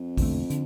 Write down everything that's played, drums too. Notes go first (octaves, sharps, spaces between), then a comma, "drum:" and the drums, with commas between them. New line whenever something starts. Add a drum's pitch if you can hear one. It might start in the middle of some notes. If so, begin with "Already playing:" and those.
Already playing: F2
E1 E2 D3 A3, drum: kick A#1, open hi-hat
D3, drum: hi-hat